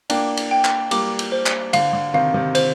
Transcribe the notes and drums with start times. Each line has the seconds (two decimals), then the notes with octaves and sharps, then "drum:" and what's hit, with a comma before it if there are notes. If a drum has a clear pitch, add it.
0.10 A#3 D4 G5, drum: cymbal
0.37 drum: cymbal
0.51 G5
0.64 drum: clap
0.91 G3 A#3 D6, drum: cymbal
1.19 drum: cymbal
1.32 C5
1.46 drum: clap
1.73 D3 F5, drum: cymbal
1.93 D3
2.14 C3 D#3 F5
2.34 C3 D#3
2.55 C5, drum: cymbal